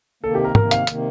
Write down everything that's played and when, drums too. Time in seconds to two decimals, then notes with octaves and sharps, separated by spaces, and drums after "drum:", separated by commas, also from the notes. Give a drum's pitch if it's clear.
0.23 C3 D#3 A#3 A4
0.35 G4
0.44 A#4
0.55 C3 D#3 A#3 A#4, drum: tom
0.71 F5, drum: hi-hat
0.87 C3 D#3 A#3, drum: hi-hat